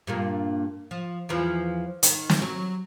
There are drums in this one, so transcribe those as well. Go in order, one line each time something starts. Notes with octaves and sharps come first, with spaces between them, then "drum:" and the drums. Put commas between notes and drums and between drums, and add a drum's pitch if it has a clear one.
G2 A#2 A#3
F3
E2 E3 F3
D#3, drum: hi-hat
drum: snare
F#3